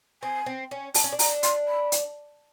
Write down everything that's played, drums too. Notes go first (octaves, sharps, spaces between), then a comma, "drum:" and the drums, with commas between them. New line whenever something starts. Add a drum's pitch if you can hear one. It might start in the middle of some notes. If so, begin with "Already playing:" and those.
C4 G#5
C4
C#4
D4 A5, drum: open hi-hat
C#4
D4
A#5, drum: open hi-hat
C6, drum: hi-hat
B5
drum: hi-hat